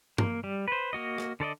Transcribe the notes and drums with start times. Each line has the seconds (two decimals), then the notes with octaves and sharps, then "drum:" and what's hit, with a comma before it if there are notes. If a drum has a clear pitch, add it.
0.18 A#3, drum: tom G2
0.44 G3
0.68 B4 C5
0.93 A#3 F#4 D#5
1.18 drum: rim click
1.40 D3 A4 D5 D#5